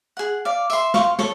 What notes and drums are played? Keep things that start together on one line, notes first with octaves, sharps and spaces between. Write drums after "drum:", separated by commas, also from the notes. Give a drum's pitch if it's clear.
G#4 F#5
D5 F5
E5 C6, drum: tambourine
F5 C6 C#6, drum: snare
A4 C#5, drum: snare